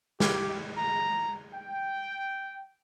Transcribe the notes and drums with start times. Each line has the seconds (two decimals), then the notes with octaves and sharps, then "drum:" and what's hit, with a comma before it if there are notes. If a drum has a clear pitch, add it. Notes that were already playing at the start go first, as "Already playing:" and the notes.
0.20 G4, drum: snare
0.78 A#5
1.54 G5